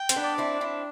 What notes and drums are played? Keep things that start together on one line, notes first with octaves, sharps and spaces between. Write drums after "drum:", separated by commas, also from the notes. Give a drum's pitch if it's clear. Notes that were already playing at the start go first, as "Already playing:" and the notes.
Already playing: G5
C4, drum: hi-hat
B3 D4
D5
C4 E4
D4
C4 E4